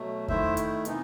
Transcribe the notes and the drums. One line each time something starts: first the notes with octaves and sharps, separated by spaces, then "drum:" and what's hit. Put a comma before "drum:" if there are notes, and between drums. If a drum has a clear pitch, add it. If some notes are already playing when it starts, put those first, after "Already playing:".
Already playing: B2 F#3 A3
D#3 A3 E4 C5 E5, drum: kick F2
drum: hi-hat
C3 E3 B3 D#4, drum: hi-hat